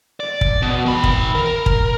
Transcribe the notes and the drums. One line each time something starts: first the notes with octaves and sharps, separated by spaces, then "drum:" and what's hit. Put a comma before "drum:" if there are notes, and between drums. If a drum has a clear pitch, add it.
D5
drum: kick
B2
D#3 B5
drum: kick
A#4
drum: kick